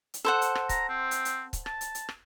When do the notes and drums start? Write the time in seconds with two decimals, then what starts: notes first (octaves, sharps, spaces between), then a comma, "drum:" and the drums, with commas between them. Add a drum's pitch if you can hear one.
0.14 drum: hi-hat
0.25 A4 C5 F#5
0.41 drum: hi-hat
0.55 drum: rim click
0.69 A#5, drum: kick C#1, hi-hat
0.89 C4
1.11 drum: hi-hat
1.25 drum: hi-hat
1.53 drum: kick C#1, hi-hat
1.66 A5, drum: rim click
1.81 drum: hi-hat
1.95 drum: hi-hat
2.09 drum: rim click